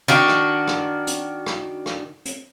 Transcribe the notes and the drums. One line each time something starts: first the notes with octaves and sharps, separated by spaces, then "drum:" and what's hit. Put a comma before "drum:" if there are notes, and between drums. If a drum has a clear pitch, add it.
D#3 D4 F#4
drum: rim click
drum: rim click
drum: hi-hat
drum: rim click
drum: rim click
drum: hi-hat